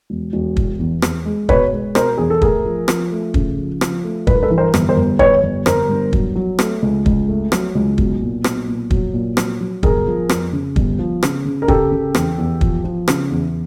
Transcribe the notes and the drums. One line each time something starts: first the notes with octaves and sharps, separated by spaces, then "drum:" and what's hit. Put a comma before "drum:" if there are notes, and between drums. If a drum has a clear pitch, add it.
E1
E1
E2, drum: kick
E2
E2, drum: rim click
G#3
B2 B4 C#5, drum: kick
G#3
B2 A#4 C5, drum: rim click
E2 G#4
A4
A3 G#4 A#4, drum: kick
F3
F3, drum: rim click
A3
C#3, drum: kick
F3
F3, drum: rim click
A3
G2 B4, drum: kick
A#4
A4 B4
E3
A#4 C5
G1, drum: rim click
A#4 C5
G1
G1 B4 C#5, drum: kick
G1
G1 A#4 C5, drum: rim click
G2
F#3, drum: kick
F#3
A3, drum: rim click
C#2
C#2, drum: kick
A3
F#3, drum: rim click
C#2
B1, drum: kick
A#2
B1, drum: rim click
A#2
F#3, drum: kick
A#2
F#3, drum: rim click
F#3
G1 G#4 A#4, drum: kick
F3
F2, drum: rim click
C#3
G1, drum: kick
F3
C#3, drum: rim click
C#3
A#4
C#3 G4 A4, drum: kick
C#3
E2, drum: rim click
E2
F3, drum: kick
F3
C#3, drum: rim click
E2